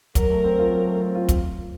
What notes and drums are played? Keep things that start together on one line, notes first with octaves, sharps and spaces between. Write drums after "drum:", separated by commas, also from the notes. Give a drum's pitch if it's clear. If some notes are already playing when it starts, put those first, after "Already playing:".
F#3 A#4, drum: kick, hi-hat
A3
C4
F4
F#3
A3
C4
F4
drum: kick, hi-hat